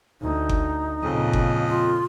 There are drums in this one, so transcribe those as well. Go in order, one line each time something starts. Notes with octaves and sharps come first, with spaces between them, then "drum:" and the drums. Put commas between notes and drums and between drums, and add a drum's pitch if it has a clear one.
D2 D#4
drum: kick G1
F2 A#2 C#3 D#5
drum: kick G1
F4